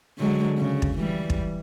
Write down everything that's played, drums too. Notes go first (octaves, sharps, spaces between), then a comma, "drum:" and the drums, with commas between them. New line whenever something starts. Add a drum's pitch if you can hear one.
D3 F#3 G#3
C#3
drum: kick
E3 G3
drum: kick